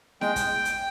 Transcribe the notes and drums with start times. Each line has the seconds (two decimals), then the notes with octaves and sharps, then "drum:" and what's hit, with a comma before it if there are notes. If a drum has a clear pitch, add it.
0.21 G#3 G5, drum: snare E4
0.36 drum: kick, hi-hat
0.65 drum: hi-hat